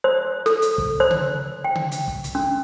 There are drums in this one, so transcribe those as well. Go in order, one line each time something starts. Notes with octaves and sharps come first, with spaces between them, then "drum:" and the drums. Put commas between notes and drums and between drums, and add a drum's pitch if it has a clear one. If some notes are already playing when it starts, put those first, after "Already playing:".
C5
A4, drum: snare
drum: hi-hat
drum: kick
C5
drum: tom C#3
G5
drum: tom C#3
drum: hi-hat
drum: kick
drum: hi-hat
C#4